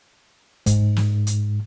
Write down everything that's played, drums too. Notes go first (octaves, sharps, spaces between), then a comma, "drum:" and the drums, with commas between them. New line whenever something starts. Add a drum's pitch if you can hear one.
G#2, drum: kick, hi-hat
drum: snare
drum: hi-hat